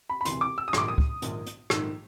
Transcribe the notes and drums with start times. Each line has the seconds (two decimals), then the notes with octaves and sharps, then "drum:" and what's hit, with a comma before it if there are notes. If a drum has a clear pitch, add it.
0.10 B5
0.21 B5
0.25 E1 D2 C3 E3 C6, drum: hi-hat
0.41 D6
0.58 E6
0.68 D#6
0.73 A#1 G#2 D#3 D6, drum: rim click
0.88 D#6
0.98 drum: kick
1.22 A#1 G#2 D#3, drum: hi-hat
1.46 drum: hi-hat
1.70 A#1 G#2 D#3 E6, drum: rim click